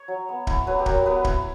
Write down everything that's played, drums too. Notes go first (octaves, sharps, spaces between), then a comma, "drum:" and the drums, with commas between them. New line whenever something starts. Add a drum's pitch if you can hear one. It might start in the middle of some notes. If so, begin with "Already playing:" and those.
Already playing: C#5
F#3
B3
E4, drum: kick D1
F#3 B4
G4
F#3 A#4, drum: kick D1
B3 B4
E4, drum: kick D1